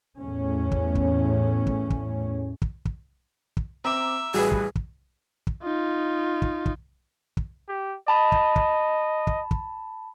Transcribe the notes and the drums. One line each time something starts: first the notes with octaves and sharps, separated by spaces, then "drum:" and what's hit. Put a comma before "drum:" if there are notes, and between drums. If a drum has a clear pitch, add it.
E2 A2 C#4
drum: kick
drum: kick
drum: kick
drum: kick
drum: kick
drum: kick
drum: kick
C4 E5 A#5 D6
A1 G3 F#4 G#4 B4
drum: kick
drum: kick
drum: kick
D#4 F4
drum: kick
drum: kick
drum: kick
G4
D#5 A5 B5
drum: kick
drum: kick
drum: kick
drum: kick